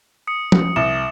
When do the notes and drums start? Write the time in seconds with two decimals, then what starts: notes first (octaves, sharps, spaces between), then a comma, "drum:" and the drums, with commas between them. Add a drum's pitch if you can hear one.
0.27 D#6 C#7
0.52 drum: tom F3
0.76 C2 E7